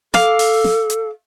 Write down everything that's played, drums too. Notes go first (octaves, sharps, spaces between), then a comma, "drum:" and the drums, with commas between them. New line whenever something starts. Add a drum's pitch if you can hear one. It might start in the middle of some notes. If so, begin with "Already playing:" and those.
A4 F5 D6, drum: snare
drum: open hi-hat
drum: snare
drum: hi-hat